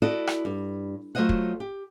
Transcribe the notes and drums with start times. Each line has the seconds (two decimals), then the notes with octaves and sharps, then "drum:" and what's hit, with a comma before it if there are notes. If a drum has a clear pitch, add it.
0.02 E4 F#4 A4 D5 D#5
0.27 drum: rim click
0.45 G2
1.15 F#3 A3 F4 C5 D#5 F#5
1.29 drum: kick
1.60 G4